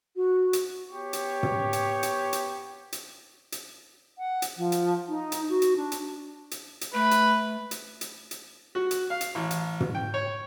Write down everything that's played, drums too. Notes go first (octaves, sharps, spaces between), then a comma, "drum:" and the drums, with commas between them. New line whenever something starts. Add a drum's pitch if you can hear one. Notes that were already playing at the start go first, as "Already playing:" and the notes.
F#4
drum: hi-hat
B3 G4 C#5 C#6
drum: hi-hat
drum: tom
drum: hi-hat
drum: hi-hat
drum: hi-hat
drum: hi-hat
drum: hi-hat
F#5
drum: hi-hat
F3
drum: hi-hat
D#4
drum: hi-hat
F#4
drum: hi-hat
D4
drum: hi-hat
drum: hi-hat
drum: hi-hat
A3 B4
drum: hi-hat
drum: hi-hat
drum: hi-hat
drum: hi-hat
F#4
drum: hi-hat
F5
drum: hi-hat
A1
drum: hi-hat
drum: tom
G5
C#5